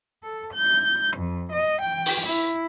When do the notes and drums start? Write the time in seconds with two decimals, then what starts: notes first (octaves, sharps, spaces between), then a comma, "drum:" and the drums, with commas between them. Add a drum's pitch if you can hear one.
0.23 A4
0.54 G6
1.18 F2
1.52 D#5
1.82 G5
2.06 drum: open hi-hat
2.26 E4